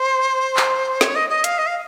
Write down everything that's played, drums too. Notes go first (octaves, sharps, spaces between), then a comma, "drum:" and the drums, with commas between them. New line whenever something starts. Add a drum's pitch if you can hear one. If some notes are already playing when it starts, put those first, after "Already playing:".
Already playing: C5
drum: clap
C#5, drum: snare
D#5
D#5
F5, drum: hi-hat
D#5
F5